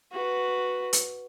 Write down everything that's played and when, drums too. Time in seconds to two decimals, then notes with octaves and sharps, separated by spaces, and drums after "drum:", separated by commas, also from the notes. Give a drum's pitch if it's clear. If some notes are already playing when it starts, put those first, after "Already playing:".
0.12 F#4 B4
0.93 drum: hi-hat